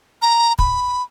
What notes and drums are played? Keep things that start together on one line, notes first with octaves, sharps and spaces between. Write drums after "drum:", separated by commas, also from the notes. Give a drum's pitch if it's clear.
A#5
B5, drum: kick